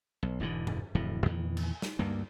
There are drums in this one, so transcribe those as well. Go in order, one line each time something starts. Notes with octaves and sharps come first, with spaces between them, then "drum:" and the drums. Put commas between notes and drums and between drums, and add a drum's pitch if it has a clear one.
B1
E1 G#2 D3 E3
drum: tom G2
D1 F2 A2 E3
E2 A#2 D#3 E3
drum: cymbal
drum: snare
D2 G2 A#3